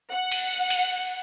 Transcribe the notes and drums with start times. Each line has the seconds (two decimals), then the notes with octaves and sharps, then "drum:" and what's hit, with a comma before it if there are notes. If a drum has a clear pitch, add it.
0.12 F#5
0.31 drum: cymbal
0.70 drum: cymbal